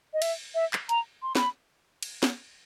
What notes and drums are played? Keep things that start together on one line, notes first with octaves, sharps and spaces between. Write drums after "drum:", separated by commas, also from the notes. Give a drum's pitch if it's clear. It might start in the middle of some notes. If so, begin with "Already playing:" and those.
D#5
E5, drum: cymbal
E5
drum: clap
A#5, drum: hi-hat
C6
B5, drum: snare
drum: cymbal
drum: snare